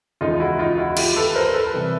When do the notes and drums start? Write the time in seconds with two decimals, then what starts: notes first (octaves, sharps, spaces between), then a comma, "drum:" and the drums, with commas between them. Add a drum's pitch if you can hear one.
0.21 D#2 C#3 E3 G#3 D#4 F4
0.40 E4 F#4
0.59 D#4 F4
0.78 E4 F#4
0.97 F4 G4, drum: cymbal
1.16 A4 B4
1.35 A#4 C5
1.46 A#4
1.54 A4 B4
1.73 C3 E3 G3